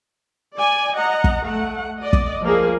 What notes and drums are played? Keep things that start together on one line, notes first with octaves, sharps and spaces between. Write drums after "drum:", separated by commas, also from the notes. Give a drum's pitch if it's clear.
D5 G#5
D#5 F#5 A#5
drum: kick
A3 F#5
D5 D#5
drum: kick
F3 A#3 G#4